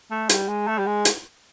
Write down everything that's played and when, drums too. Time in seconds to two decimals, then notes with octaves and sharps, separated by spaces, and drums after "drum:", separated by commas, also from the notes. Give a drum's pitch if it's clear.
0.11 A3
0.29 G3, drum: hi-hat
0.48 G#3
0.67 A3
0.78 G3
0.86 G#3
1.05 drum: hi-hat